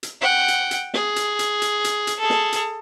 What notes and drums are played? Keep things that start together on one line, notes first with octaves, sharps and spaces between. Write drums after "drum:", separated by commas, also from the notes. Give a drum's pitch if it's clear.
drum: hi-hat
F#5 G5
drum: hi-hat
drum: hi-hat
G#4, drum: snare
drum: hi-hat
drum: hi-hat
drum: hi-hat
drum: hi-hat
drum: hi-hat
G#4 A4
drum: snare
drum: hi-hat